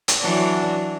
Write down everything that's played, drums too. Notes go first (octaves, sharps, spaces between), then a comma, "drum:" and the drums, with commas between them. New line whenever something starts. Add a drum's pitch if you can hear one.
drum: hi-hat
E3 F#3 D4